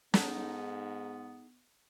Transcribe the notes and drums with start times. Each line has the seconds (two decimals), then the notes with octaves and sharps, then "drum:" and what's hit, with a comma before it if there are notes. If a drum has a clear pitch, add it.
0.14 G#2 B3 D#4 G#4 A4, drum: snare